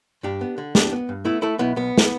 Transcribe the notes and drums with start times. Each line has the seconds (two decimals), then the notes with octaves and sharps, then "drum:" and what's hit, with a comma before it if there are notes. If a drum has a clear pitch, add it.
0.23 G2 D4 G4
0.41 B3
0.58 D3
0.75 B3 D4 G4, drum: snare
0.92 B3
1.09 G2
1.25 A3 B3 E4
1.42 A3 E4 A4
1.59 B1 B3 E4
1.76 B1 B3
1.98 drum: snare